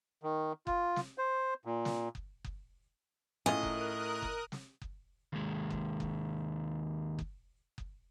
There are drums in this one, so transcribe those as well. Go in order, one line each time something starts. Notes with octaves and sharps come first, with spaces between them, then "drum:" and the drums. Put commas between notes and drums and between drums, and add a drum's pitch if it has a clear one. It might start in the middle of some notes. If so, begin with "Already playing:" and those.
D#3
F4, drum: kick F#1
drum: snare
C5
A#2
drum: snare
drum: kick F#1
drum: kick F#1
A2 C#4 F4 G#4 A#4 D#5 D#6 F#6
drum: kick F#1
drum: kick F#1
drum: snare
drum: kick F#1
D#2 G#3
drum: kick F#1
drum: kick F#1
drum: kick F#1
drum: kick F#1